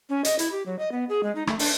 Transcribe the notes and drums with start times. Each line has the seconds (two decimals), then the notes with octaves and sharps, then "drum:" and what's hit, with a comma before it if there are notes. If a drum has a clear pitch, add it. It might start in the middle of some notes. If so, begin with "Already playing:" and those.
0.09 C#4
0.25 D#5, drum: hi-hat
0.39 E4, drum: hi-hat
0.52 G4
0.66 F#3
0.79 D#5
0.92 B3
1.09 G#4
1.23 G#3
1.35 D#4
1.47 A3, drum: rim click
1.59 D4, drum: open hi-hat